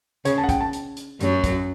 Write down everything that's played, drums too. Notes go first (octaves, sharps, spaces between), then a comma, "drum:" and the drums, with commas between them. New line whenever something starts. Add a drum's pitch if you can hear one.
C#3 C#5, drum: hi-hat
A5
F#5
G5, drum: kick, hi-hat
A5
drum: hi-hat
drum: hi-hat
F#2 F#3, drum: hi-hat
drum: kick, hi-hat